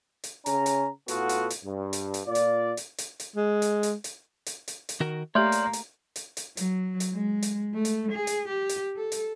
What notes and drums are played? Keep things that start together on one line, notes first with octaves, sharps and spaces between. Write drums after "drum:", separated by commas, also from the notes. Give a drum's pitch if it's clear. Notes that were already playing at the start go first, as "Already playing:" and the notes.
drum: hi-hat
C#3 C#4 A#5, drum: hi-hat
drum: hi-hat
A2 B3 F4 F#4 A4, drum: hi-hat
drum: hi-hat
drum: hi-hat
G2
drum: hi-hat
drum: hi-hat
A#2 F4 D5
drum: hi-hat
drum: hi-hat
drum: hi-hat
drum: hi-hat
G#3
drum: hi-hat
drum: hi-hat
drum: hi-hat
drum: hi-hat
drum: hi-hat
drum: hi-hat
D#3 F#4 A#4
A3 A#3 G4 C#5 D5 C6 F6 G6
drum: hi-hat
drum: hi-hat
drum: hi-hat
drum: hi-hat
F#3, drum: hi-hat
drum: hi-hat
G#3
drum: hi-hat
A3
drum: hi-hat
G#4
drum: hi-hat
G4
drum: hi-hat
A4
drum: hi-hat